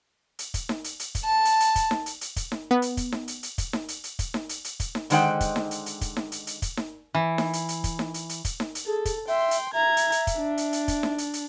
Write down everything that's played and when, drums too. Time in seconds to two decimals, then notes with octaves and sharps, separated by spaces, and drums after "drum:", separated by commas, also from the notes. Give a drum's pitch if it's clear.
0.39 drum: hi-hat
0.54 drum: kick, hi-hat
0.69 drum: snare D#4
0.84 drum: hi-hat
1.00 drum: hi-hat
1.15 drum: kick, hi-hat
1.24 A5
1.45 drum: hi-hat
1.60 drum: hi-hat
1.76 drum: kick, hi-hat
1.91 drum: snare D#4
2.06 drum: hi-hat
2.21 drum: hi-hat
2.36 drum: kick, hi-hat
2.52 drum: snare D#4
2.71 B3
2.82 drum: hi-hat
2.97 drum: kick, hi-hat
3.12 drum: snare D#4
3.28 drum: hi-hat
3.43 drum: hi-hat
3.58 drum: kick, hi-hat
3.73 drum: snare D#4
3.88 drum: hi-hat
4.04 drum: hi-hat
4.19 drum: kick, hi-hat
4.34 drum: snare D#4
4.49 drum: hi-hat
4.64 drum: hi-hat
4.80 drum: kick, hi-hat
4.95 drum: snare D#4
5.10 D3 D#3 G#3 C5 F#5 G5, drum: hi-hat
5.40 drum: kick, hi-hat
5.56 drum: snare D#4
5.71 drum: hi-hat
5.86 drum: hi-hat
6.01 drum: kick, hi-hat
6.17 drum: snare D#4
6.32 drum: hi-hat
6.47 drum: hi-hat
6.62 drum: kick, hi-hat
6.77 drum: snare D#4
7.14 E3
7.38 drum: snare D#4
7.53 drum: hi-hat
7.69 drum: hi-hat
7.84 drum: kick, hi-hat
7.99 drum: snare D#4
8.14 drum: hi-hat
8.29 drum: hi-hat
8.45 drum: kick, hi-hat
8.60 drum: snare D#4
8.75 drum: hi-hat
8.86 G#4 A4
9.05 drum: kick, hi-hat
9.28 E5 G5 C6
9.51 drum: hi-hat
9.74 E5 A#5 G#6
9.97 drum: hi-hat
10.12 drum: hi-hat
10.27 drum: kick, hi-hat
10.37 D4
10.57 drum: hi-hat
10.73 drum: hi-hat
10.88 drum: kick, hi-hat
11.03 drum: snare D#4
11.18 drum: hi-hat
11.34 drum: hi-hat